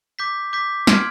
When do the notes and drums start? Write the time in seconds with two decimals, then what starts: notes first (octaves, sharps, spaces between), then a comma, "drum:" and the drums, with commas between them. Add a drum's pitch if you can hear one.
0.19 D6 G6 B6
0.53 D6 G6 B6
0.87 C6 F6 G#6 D7, drum: snare